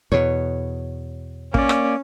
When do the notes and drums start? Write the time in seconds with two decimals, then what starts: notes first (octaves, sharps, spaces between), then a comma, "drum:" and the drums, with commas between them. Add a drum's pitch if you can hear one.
0.12 E2 B2 C#5
1.54 A#3 C#4 D5, drum: kick
1.69 drum: rim click